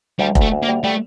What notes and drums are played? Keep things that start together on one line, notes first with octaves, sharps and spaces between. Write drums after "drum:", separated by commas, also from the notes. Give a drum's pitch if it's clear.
D2 G3
D2, drum: kick F1
A3
D2
A#3
G3
G3 A3